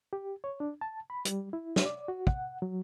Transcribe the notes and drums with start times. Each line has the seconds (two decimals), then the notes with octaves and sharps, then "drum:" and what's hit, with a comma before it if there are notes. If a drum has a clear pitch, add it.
0.13 G4
0.44 C#5
0.60 D4
0.81 A5
1.10 B5
1.25 G3, drum: hi-hat
1.53 E4
1.76 drum: snare
1.85 D5
2.08 F#4
2.27 F#5, drum: kick
2.62 F#3